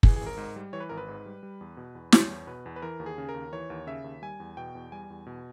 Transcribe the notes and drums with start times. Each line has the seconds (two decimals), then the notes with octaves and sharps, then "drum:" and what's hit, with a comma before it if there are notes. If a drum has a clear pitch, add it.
0.03 E3 G#4, drum: kick
0.16 G#4
0.21 G#1
0.26 A#4
0.37 G#2
0.56 G3
0.73 E3 C#5
0.80 B4
0.89 G#1 A#4
0.98 B4
1.08 G#2
1.26 G3
1.43 G3
1.61 E2
1.77 B2
1.95 E2
2.12 G3 C#5, drum: snare
2.30 E2
2.47 B2 B4
2.66 E2
2.76 B4
2.82 E3 A#4
3.00 D#2
3.06 G#4
3.18 C#3
3.29 A#4
3.34 D#2
3.52 E3 C#5
3.70 D#2
3.87 C#3 E5
4.04 D#2
4.22 G3 G#5
4.40 E2
4.57 B2 G5
4.75 E2
4.92 G3 G#5
5.10 E2
5.26 B2